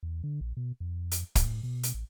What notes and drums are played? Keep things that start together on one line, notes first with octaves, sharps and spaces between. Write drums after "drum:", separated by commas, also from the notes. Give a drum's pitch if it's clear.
E2
D3
A#1
B2
F2
drum: hi-hat
A2, drum: kick, hi-hat
B2
drum: hi-hat
A1